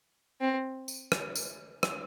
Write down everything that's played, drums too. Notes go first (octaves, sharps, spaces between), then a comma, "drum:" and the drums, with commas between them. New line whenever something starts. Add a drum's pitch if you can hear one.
C4
drum: tambourine
drum: rim click
drum: tambourine
drum: rim click